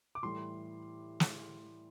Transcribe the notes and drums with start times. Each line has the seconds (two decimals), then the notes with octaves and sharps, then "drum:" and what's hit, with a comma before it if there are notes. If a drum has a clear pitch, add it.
0.15 D6
0.23 A2 E3 G3 C6
1.20 drum: snare